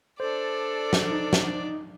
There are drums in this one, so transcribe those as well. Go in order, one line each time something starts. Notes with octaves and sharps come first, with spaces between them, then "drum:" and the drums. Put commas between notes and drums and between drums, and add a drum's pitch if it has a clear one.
D4 A4 C5 D5
drum: snare
D#4
drum: snare